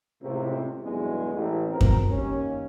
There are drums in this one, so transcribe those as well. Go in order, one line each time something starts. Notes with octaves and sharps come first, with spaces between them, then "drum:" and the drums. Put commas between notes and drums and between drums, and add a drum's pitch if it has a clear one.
C#2 A2 C3
B1 E2 G2 G#3
A1
G#1 C4 A#4
drum: kick F#2
D#2 C#4